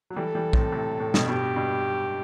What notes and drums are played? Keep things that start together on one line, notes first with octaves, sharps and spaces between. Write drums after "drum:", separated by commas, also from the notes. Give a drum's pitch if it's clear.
F#3
E3 G3 A4
E3 G3
A2 C3, drum: kick
A2 C3
A2
G2 B2, drum: snare
G2 B2 G4
G2 B2